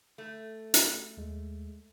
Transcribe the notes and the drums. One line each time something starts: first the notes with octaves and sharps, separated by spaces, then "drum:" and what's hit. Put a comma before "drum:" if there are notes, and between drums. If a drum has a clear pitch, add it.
A3
drum: hi-hat
D#2 G#3